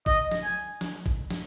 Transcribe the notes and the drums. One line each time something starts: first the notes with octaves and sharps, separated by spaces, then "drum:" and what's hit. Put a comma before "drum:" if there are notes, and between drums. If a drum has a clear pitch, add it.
D#5, drum: kick G#1
drum: snare
G#5
drum: snare
drum: kick G#1
drum: snare